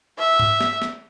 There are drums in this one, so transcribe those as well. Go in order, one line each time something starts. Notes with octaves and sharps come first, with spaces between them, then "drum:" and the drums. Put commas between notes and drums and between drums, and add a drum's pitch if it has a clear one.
E5
drum: tom G#2
drum: snare
drum: snare